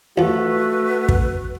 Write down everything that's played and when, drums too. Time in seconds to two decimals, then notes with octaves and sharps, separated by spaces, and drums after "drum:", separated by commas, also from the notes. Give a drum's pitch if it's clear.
0.18 A1 F3 A3 F#4 B4
1.09 drum: kick